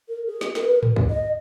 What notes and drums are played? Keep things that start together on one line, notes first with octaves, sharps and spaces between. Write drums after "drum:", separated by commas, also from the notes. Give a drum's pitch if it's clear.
A#4
G#4
drum: snare
A#4, drum: snare
B4
A#4
drum: tom A2
drum: kick
D#5